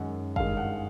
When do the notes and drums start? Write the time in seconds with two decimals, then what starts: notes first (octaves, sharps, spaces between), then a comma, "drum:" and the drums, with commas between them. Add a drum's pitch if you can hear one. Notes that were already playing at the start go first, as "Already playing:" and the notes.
Already playing: F#2 D#3 G#3 F#5
0.36 G2 D#3 G#3 F5, drum: kick
0.57 F#5